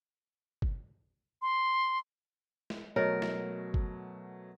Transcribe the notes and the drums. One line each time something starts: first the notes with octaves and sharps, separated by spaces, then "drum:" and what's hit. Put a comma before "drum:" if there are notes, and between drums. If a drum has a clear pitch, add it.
drum: kick G1
C6
drum: snare
B2 F#3 A3 A#4 C#5 D#5
drum: snare
drum: kick G1